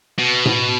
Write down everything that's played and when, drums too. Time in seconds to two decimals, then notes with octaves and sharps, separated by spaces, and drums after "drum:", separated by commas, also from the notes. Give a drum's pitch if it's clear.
0.18 B2
0.46 drum: tom A2